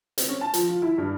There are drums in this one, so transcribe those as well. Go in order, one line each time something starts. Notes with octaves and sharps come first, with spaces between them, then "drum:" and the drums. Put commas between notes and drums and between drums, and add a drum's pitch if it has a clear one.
C4, drum: hi-hat
C#4
A5
F3, drum: hi-hat
F4
E4
G2